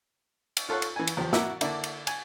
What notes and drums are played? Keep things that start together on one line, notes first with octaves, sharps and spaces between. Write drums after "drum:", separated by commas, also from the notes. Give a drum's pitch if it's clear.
drum: cymbal
F4 A4 C#5 F#5 C#6
drum: cymbal
E3 G#5
drum: cymbal
E2 F3 G4
E4 F#4 A#4 E5 D6 E6, drum: snare
D3 A#3 D4 E4, drum: cymbal
drum: cymbal
G#5, drum: cymbal